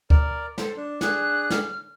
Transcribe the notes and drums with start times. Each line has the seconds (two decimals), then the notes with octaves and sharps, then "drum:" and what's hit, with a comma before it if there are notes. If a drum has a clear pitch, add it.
0.10 A#4 D5, drum: kick D2
0.58 A4 C5, drum: snare
0.77 D4
1.01 D4 G#4 F#6, drum: snare
1.50 F6, drum: snare